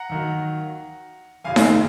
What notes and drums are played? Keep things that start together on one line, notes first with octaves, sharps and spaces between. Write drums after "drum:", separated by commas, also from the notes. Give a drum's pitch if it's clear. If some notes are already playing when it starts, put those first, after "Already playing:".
Already playing: F#5 A#5
D#2 D#3 F#3
G#1 F#2 C#3 F#3 F5 G#5
drum: snare D#4